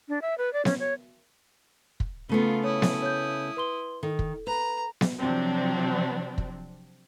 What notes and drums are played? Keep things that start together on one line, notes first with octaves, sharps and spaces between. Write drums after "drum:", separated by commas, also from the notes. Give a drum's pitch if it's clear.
D4
E5
B4
D5
C#4, drum: snare B3
C#5
drum: kick
C#3 A3 B3 F4
E4 C#5 D#6
drum: snare B3
C#5 G6
B4 C6 G7
D#3 A4
drum: kick
B4 A#5
drum: snare B3
C3 F3 F#3 C4 D4
drum: kick